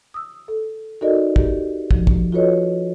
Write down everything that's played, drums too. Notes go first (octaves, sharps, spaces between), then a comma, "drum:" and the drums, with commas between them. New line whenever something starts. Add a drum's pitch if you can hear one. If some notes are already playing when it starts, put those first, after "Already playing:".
D#6 E6
A4
D#4 F#4 A4 A#4 D5 D#5
G4, drum: kick
F3, drum: kick
drum: kick
F4 F#4 A4 B4 C#5 D#5